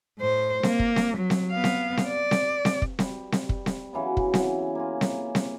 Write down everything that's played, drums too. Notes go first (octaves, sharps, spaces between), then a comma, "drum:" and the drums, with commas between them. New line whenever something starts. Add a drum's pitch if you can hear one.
A2 C5
A#3, drum: snare C4
drum: kick
drum: snare C4
F#3
drum: snare C4
B3 F5
drum: snare C4
drum: snare C4
D5
drum: snare C4
drum: snare C4
drum: kick
G3, drum: snare C4
drum: snare C4
drum: kick
drum: snare C4
C#3 E3 F#3 B3
drum: kick
drum: snare C4
A#3 C#4 F4
drum: snare C4
drum: snare C4